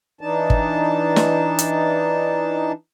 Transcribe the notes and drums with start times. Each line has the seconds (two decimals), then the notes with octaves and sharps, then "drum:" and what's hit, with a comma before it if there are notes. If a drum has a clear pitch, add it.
0.21 E3 D4 D#4 A5
0.50 drum: kick
1.16 drum: snare
1.59 drum: hi-hat